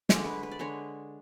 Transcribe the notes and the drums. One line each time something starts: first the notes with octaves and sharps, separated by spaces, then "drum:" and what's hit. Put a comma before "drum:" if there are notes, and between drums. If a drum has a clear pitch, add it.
D3 G#3 D4 C#5, drum: snare
B4
B4
D5
D3 G#3 D4 C#5